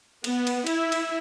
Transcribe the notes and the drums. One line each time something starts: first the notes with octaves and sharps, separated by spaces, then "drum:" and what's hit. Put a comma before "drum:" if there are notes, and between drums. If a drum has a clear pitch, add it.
B3, drum: cymbal
drum: cymbal
E4, drum: cymbal
drum: cymbal